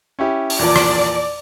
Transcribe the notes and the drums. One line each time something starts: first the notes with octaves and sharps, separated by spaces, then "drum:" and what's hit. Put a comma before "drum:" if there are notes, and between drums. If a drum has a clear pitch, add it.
C#4 E4 G4
drum: open hi-hat
E2 A#2 F3 D5
drum: rim click